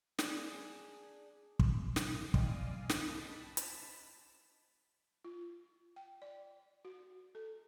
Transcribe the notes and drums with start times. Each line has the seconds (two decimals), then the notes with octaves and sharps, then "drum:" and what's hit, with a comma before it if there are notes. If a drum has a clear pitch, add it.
0.19 D4 G#4, drum: snare
1.59 drum: kick
1.96 drum: snare
2.34 D5 D#5 F5 G5 G#5, drum: kick
2.89 drum: snare
3.07 A5 B5
3.57 drum: hi-hat
5.25 F4
5.96 G5
6.22 D5
6.85 F#4
7.35 A4